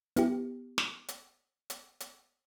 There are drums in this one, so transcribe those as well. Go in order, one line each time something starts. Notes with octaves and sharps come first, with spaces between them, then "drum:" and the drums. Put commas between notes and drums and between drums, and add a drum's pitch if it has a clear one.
B3 E4 G4, drum: hi-hat
drum: snare
drum: hi-hat
drum: hi-hat
drum: hi-hat